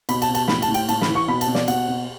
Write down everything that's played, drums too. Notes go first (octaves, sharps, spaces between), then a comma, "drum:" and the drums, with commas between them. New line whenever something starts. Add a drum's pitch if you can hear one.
B2 B5, drum: cymbal
A5, drum: cymbal
B2
A5, drum: cymbal
A2 B5, drum: snare
A5, drum: cymbal
A2
G5, drum: cymbal
A2 A5, drum: cymbal
B5, drum: snare
E3
C#6
B2 B5
A5, drum: cymbal
B2
D5, drum: snare
B2 F#5, drum: cymbal
B2